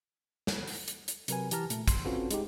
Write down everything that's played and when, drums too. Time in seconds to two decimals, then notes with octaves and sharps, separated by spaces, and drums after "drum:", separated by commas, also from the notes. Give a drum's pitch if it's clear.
0.47 drum: snare
0.67 drum: open hi-hat
0.88 drum: hi-hat
1.08 drum: hi-hat
1.28 C3 F#3 A#4 B4 G#5, drum: hi-hat
1.51 E3 G4 A5 A#5 F6, drum: hi-hat
1.70 A#2 A3, drum: hi-hat
1.88 C6, drum: kick, hi-hat
2.05 C4 C#4 F4 F#4 A4 B4
2.31 G#3 D#4 G4, drum: hi-hat